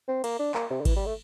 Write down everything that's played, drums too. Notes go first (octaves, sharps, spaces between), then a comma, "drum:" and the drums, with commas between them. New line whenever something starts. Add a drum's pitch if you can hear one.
C4
A#3, drum: cymbal
D4
A#3, drum: clap
C3
D3
E3, drum: kick G#1, cymbal
G3
A3